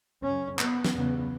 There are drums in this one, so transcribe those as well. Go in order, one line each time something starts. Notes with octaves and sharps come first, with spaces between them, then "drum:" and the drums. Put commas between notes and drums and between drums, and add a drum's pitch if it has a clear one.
F#2 C#3 C#4
B3, drum: clap
drum: snare
E2 C#3 B3